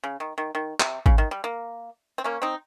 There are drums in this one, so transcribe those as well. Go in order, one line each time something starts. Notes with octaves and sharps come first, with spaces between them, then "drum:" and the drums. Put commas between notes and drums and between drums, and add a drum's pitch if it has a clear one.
C#3
D#3
D#3
D#3
C3, drum: clap
C#3, drum: kick
D#3
G3
A#3
C4
A#3 C#4
C4 D#4